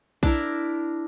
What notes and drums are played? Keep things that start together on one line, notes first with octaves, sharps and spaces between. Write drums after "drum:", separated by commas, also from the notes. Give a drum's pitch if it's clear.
D4 E4 A#4, drum: kick B1